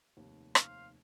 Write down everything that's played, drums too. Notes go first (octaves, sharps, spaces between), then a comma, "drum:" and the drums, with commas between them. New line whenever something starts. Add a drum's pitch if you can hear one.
F1 D#2
C5 F5, drum: rim click